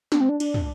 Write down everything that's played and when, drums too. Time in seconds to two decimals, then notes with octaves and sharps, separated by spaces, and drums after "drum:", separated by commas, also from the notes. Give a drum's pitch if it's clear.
0.12 D4, drum: snare
0.21 C4
0.29 D4
0.40 D4, drum: cymbal
0.54 drum: tom